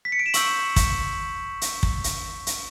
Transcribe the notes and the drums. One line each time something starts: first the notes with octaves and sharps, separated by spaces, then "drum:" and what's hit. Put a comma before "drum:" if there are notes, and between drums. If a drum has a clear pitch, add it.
B6
C#7
D7
E7
C#6 E6 G6 F#7, drum: hi-hat
drum: kick, hi-hat
drum: hi-hat
drum: kick
drum: hi-hat
drum: hi-hat